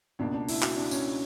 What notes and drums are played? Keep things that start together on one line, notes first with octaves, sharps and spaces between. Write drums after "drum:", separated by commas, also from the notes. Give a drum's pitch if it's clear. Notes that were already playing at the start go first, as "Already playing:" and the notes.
C#2 B2 A#3 D4
D4
E4, drum: open hi-hat
F#4, drum: clap
D4
C#4, drum: tambourine